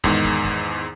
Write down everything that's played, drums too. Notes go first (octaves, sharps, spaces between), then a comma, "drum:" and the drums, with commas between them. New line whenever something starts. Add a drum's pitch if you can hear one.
E2 G#2 D#3, drum: kick, open hi-hat
drum: kick
drum: kick, open hi-hat